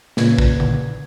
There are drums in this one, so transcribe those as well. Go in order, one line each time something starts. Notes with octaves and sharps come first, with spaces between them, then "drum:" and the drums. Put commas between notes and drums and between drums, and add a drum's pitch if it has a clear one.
A#2 C#3 B4 G#6, drum: snare
drum: kick
drum: tom D3